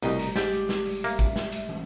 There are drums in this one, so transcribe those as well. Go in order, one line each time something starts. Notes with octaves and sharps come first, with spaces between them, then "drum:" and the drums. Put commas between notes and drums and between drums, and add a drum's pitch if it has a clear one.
G1 C2 B2 G3 A3 D#4 G4, drum: hi-hat
drum: hi-hat
G#2 G4 D5 G6, drum: snare
drum: hi-hat
drum: snare
drum: open hi-hat
A#3 E5, drum: hi-hat
drum: kick, hi-hat
drum: snare
drum: hi-hat
drum: tom